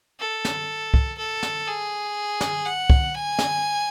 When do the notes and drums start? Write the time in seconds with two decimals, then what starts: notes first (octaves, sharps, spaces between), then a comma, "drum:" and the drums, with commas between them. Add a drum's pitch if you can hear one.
0.20 A4
0.45 drum: snare
0.94 drum: kick C2
1.18 A4
1.43 drum: snare
1.67 G#4
2.41 drum: snare
2.65 F#5
2.90 drum: kick C2
3.14 G#5
3.39 drum: snare